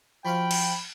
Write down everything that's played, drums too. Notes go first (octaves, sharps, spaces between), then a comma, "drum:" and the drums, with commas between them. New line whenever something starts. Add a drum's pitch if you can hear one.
F3 F#4 F5 G5 B5
drum: cymbal